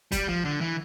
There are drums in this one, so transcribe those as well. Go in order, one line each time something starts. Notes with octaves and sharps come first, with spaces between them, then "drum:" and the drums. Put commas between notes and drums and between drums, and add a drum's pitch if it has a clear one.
G3, drum: kick, hi-hat
F3
D3
E3